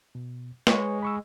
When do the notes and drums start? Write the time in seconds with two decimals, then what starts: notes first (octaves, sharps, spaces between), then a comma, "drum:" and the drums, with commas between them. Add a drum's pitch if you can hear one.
0.15 B2
0.67 G#3 B4 C#5 C#6, drum: snare
1.02 B5 C#6 E6